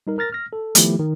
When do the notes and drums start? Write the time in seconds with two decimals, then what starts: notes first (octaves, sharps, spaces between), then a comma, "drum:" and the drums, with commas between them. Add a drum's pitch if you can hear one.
0.07 G3 D#4 A#4
0.18 A#4 F6 A6 A#6
0.32 F6 A#6
0.53 A4
0.75 D#3 F3 A3 B3 E4 G4, drum: hi-hat
0.99 D#3